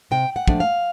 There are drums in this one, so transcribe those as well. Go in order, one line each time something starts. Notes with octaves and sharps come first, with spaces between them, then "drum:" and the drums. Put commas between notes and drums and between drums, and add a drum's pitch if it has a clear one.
C3 G5
F#5
F3 A3 D4, drum: kick
F5